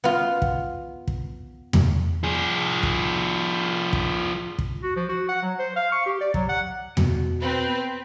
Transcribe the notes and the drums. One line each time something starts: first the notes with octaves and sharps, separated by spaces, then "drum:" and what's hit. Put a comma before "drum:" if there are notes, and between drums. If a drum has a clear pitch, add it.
B3 F4
drum: kick
drum: kick
drum: tom E2
F3 G#4
drum: kick
drum: kick
drum: kick
F#4
F3
F#4
F#5
F#3
C5
F5
C#6
G4
D5
F#3, drum: kick
F#5
B2, drum: tom E2
C4 B4